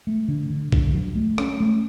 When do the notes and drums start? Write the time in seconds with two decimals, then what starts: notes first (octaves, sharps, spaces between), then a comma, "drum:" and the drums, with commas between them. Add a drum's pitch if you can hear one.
0.07 A3
0.28 D3
0.50 D3
0.72 D3, drum: kick B1
0.94 F#3
1.15 A3
1.38 C#4, drum: rim click
1.60 A3